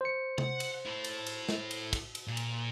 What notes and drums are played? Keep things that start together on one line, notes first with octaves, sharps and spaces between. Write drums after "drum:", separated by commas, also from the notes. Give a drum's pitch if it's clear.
C5 C#7
F#5, drum: tom C3
drum: cymbal
E4 A4
drum: cymbal
drum: cymbal
drum: snare
drum: cymbal
drum: kick, cymbal
drum: cymbal
A#2
drum: cymbal